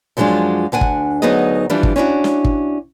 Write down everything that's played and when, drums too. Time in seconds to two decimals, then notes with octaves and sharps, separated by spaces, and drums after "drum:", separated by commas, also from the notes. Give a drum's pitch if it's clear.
0.17 F#2 F3 F#3 G#3 D4 F4
0.72 D2 D4 F#5 G#5
0.81 drum: kick
1.22 D2 F#3 B3 D#4 G#4 D#5
1.70 E3 F3 G3 D4
1.83 drum: kick
1.96 C#4 D4 E4 F#4
2.24 drum: snare
2.45 drum: kick